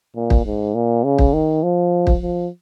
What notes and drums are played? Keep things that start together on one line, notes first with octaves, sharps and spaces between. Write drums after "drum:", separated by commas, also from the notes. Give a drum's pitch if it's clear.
A#2
drum: kick
G#2
A#2
C#3
drum: kick
D#3
F3
drum: kick
F3